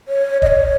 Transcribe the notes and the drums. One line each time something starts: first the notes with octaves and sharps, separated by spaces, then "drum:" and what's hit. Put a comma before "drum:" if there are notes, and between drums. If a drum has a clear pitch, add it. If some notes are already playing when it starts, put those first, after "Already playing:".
C#5
D#5, drum: kick
C#5